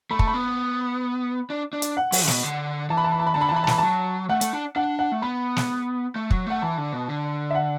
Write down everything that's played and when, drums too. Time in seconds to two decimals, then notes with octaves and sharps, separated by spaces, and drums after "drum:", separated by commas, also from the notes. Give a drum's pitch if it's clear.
0.11 A3 B5
0.19 A5, drum: kick
0.27 B5
0.34 B3
1.50 D4
1.73 D4
1.82 drum: hi-hat
1.97 F#5
2.12 F#3, drum: open hi-hat
2.27 B2, drum: snare
2.43 D3
2.90 E3 A5
2.97 B5
3.04 A5
3.12 B5
3.19 A5
3.27 B5
3.34 D3 A5
3.41 B5
3.49 A5
3.52 E3 B5
3.64 A5
3.67 E3 B5, drum: snare
3.78 F#3 A5
4.29 A3 F#5
4.41 A3, drum: hi-hat
4.53 D4
4.76 D4 F#5
4.99 F#5
5.12 A3
5.22 B3 B5
5.56 drum: snare
6.16 A3
6.31 F#3, drum: kick
6.47 A3 F#5
6.62 E3 A5
6.78 D3
6.93 B2
7.08 D3
7.51 E5
7.55 F#5